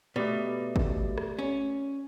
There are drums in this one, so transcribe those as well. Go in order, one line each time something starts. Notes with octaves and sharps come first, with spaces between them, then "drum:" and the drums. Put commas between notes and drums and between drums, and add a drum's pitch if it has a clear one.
B2 A3 G4 D5
drum: kick G#1
drum: rim click
C#4